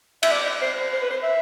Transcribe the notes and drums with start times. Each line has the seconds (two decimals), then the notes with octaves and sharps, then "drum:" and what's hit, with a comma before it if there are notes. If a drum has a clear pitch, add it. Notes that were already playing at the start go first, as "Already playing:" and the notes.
0.23 E5, drum: cymbal
0.31 D5
0.62 C5
0.93 C5
1.02 B4
1.10 C5
1.23 E5